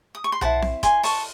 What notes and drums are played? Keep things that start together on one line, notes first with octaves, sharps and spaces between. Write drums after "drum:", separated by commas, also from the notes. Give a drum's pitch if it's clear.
D#6
C#6
C6
E4 A4 C5 F#5 A5, drum: tom B1
drum: snare C4
G#5 C6, drum: kick, hi-hat
A5 C#6, drum: open hi-hat